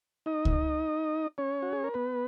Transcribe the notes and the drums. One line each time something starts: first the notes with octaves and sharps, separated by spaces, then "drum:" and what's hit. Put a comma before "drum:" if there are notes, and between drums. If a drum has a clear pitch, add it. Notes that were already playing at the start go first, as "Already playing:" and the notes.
D#4 D#5
drum: kick C#2
C#4 C#5
F#4
G#4
A#4
B3 B4